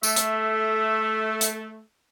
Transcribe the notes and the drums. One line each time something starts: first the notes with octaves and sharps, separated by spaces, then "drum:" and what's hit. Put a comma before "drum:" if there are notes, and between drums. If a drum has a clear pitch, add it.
A3 E5, drum: tambourine
drum: hi-hat
drum: hi-hat